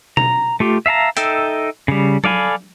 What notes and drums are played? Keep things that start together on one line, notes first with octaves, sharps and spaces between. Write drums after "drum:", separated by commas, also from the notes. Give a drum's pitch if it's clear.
A#5, drum: tom B2
A3 F4 G4
E5 F5 A5 A#5
D#4 A4 E5 G5, drum: hi-hat
C#3 G3
A4 D5 F5 G#5 B5, drum: tom F#3